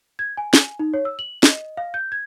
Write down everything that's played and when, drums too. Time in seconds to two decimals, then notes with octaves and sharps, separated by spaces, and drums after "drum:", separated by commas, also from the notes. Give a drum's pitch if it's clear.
0.19 G#6
0.37 G#5
0.54 drum: snare
0.79 D#4
0.94 C#5
1.05 E6
1.19 F#7
1.43 D#5, drum: snare
1.77 F5
1.94 G6
2.12 G#6